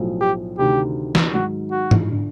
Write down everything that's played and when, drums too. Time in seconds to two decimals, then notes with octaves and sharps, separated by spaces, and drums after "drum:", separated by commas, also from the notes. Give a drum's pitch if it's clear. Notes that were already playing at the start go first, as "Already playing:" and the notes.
Already playing: B1 A2 F3
0.21 G4
0.58 D2 C3 D#3 G4
1.15 drum: snare
1.34 G#2 D#3 F#3 F#4
1.71 F#4
1.91 drum: tom
2.11 D3